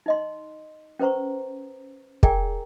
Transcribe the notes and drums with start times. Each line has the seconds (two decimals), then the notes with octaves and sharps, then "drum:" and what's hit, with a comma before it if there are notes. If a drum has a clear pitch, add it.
0.06 D#4 D#5 C6
0.99 C#4 B4 C5 A#5 C#6
2.23 G#4 A#4 D5 G5 G#5 A#5, drum: kick